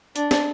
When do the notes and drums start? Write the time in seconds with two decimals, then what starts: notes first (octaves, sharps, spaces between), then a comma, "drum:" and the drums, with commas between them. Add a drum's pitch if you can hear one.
0.16 D4, drum: hi-hat
0.31 drum: snare